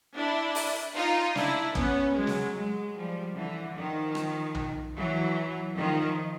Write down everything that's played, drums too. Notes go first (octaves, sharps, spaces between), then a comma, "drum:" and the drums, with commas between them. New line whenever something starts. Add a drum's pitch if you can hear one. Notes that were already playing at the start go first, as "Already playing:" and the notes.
D4 E4
drum: open hi-hat
D#4 F4
D4 E4, drum: snare
B3 C#4, drum: kick
F#3 G#3
drum: snare
F#3 G#3
F3 G3
D3 E3
D#3 F3
drum: rim click
drum: tom B1
E3 F#3
D#3 F3